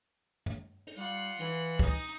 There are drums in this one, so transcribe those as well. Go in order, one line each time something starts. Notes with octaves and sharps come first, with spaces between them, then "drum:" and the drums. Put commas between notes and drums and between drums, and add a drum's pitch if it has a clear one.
drum: tom
drum: hi-hat
G3 F4 F#5
E3, drum: hi-hat
D#4 D#5, drum: kick